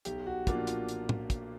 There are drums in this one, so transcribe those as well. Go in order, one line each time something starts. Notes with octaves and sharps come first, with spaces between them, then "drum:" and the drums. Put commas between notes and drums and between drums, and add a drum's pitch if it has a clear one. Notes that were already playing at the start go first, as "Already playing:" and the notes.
B1 G4, drum: hi-hat
F#4
A#2 F3 A#3 D4 F4, drum: kick, hi-hat
F4, drum: hi-hat
drum: hi-hat
drum: tom
drum: kick, hi-hat